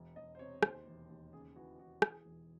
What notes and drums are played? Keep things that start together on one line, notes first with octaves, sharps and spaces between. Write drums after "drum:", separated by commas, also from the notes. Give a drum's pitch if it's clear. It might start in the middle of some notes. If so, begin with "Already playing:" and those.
Already playing: E1
E1 D#5
C5
C3 C#5
D#2 C5, drum: rim click
E1
D#2
C#3 G#4
E3 F#4
E3 F#4
E3 G#4, drum: rim click
E1